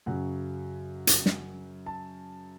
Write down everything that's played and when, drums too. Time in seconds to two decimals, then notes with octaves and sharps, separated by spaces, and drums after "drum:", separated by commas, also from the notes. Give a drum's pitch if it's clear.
0.06 F#2 C#3 F#3 F#5
1.07 drum: hi-hat
1.26 drum: snare
1.86 A5